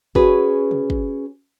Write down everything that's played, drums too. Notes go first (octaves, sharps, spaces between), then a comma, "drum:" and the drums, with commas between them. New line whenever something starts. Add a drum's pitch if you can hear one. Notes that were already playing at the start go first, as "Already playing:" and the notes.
C#4 F#4 G#4 B4, drum: kick
drum: tom C3
drum: kick